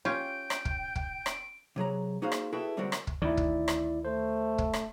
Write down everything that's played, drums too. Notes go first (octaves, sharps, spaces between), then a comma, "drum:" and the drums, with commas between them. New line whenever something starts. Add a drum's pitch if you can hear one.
C#4 F4 G4 G5 D7
drum: rim click
drum: kick
drum: kick
drum: rim click
C3 F#3 G#4 A#5
A#3 D#4 F#4 G#4 C5 F5
drum: rim click
E4 F#4 G#4 A4 B4 G5
D3 G3 G#3 C4 F#4 A#4
drum: rim click
drum: kick
D2 D#3 E4 D5
drum: kick
drum: rim click
A3 C5
drum: kick
drum: rim click